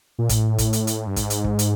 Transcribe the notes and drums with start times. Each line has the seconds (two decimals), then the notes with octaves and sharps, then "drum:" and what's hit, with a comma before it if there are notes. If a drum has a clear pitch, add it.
0.19 A#2
0.29 A2, drum: kick, hi-hat
0.58 drum: kick, hi-hat
0.73 drum: hi-hat
0.87 drum: hi-hat
1.07 G2
1.16 G#2, drum: kick, hi-hat
1.30 drum: hi-hat
1.44 drum: kick
1.59 drum: hi-hat